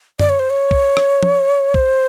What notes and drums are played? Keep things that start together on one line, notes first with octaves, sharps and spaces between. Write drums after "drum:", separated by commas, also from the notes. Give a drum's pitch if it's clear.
D5, drum: tom F#2
C#5
C5
C#5
drum: kick
drum: rim click
drum: tom
C5, drum: kick